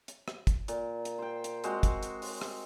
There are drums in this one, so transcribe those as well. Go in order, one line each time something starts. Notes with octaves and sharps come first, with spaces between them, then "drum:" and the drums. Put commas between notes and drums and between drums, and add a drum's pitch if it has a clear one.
drum: hi-hat
drum: rim click
drum: kick, hi-hat
A#2, drum: hi-hat
drum: hi-hat
C5 G5
drum: hi-hat
G#3 C4 F#4 C5, drum: hi-hat
drum: kick, hi-hat
drum: hi-hat
drum: open hi-hat
drum: rim click